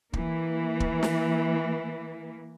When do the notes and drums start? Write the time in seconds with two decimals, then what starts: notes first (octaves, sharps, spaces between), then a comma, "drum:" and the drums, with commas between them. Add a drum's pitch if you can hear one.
0.13 E3 A#3, drum: kick
0.80 drum: kick
1.03 drum: snare